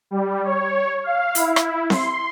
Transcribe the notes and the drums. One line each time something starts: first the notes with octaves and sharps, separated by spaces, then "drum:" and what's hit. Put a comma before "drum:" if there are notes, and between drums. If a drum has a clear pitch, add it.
G3
C#5
F5
E4, drum: hi-hat
drum: rim click
C6, drum: snare C4